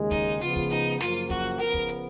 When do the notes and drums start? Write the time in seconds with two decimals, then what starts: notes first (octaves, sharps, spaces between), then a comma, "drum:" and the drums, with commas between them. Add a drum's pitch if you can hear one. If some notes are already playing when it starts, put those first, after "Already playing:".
Already playing: D#2 C#3 G#3
0.11 D#4, drum: kick, hi-hat
0.41 C#3 F3 G#3 B3 F4, drum: hi-hat
0.56 drum: kick
0.71 D#4, drum: hi-hat
1.01 F#2 C#3 F3 A#3 F4, drum: snare
1.30 F#4, drum: kick, hi-hat
1.59 C#3 F3 B3 A#4, drum: hi-hat
1.74 drum: kick
1.89 drum: hi-hat